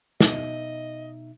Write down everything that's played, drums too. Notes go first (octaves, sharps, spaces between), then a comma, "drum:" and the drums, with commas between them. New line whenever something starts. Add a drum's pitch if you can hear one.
B2 D#4 D#5 E5, drum: snare